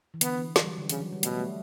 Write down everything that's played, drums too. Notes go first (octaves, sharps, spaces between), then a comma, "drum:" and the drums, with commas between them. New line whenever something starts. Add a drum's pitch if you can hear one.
E3
D3 B3, drum: hi-hat
E3
E3, drum: snare
G3
F#3
D3
C#3 E3, drum: hi-hat
F#3
G3
B2 A3, drum: hi-hat
G3
A3